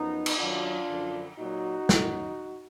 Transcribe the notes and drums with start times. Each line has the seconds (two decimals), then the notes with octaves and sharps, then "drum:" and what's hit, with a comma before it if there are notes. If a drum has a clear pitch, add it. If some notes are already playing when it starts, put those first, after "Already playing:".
Already playing: F#2 F3 B3 D#4
0.26 drum: cymbal
0.39 F#2 D#3 F#3 D4 F4
0.88 F#2 D3 F3
1.39 A#2 F#3 D#4 F#4
1.89 F#2 D#3 F#3, drum: snare